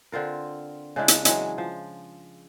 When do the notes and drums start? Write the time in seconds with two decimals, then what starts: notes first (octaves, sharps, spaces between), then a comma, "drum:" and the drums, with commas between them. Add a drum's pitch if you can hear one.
0.12 D3 C4 F4 A#4
0.96 C#3 G#3 D4 E4
1.08 drum: hi-hat
1.25 E3 F#3 G#3, drum: hi-hat
1.58 F3